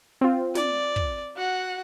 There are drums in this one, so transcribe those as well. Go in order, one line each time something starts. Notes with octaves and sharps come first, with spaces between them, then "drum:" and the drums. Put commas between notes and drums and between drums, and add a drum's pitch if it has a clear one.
C4 F4
D5, drum: snare
drum: kick
F#4 F#5